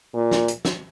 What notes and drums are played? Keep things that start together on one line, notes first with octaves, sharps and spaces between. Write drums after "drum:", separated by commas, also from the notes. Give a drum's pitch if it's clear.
A#2
drum: snare
drum: hi-hat
drum: snare